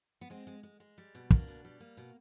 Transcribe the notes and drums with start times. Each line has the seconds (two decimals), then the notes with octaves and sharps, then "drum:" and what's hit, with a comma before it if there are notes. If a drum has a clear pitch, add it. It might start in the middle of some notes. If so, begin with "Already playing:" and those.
0.21 B3
0.30 G#3 C4
0.47 G#3
0.63 G#3
0.80 G#3
0.98 G3
1.15 B2
1.31 A#3 D4, drum: kick
1.48 B2
1.65 G3
1.80 A#3
1.97 B2